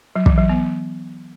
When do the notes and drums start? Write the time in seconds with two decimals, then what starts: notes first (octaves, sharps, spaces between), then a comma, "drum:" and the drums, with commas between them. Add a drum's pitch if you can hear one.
0.16 F#3
0.26 E3, drum: kick
0.38 F#3
0.49 B3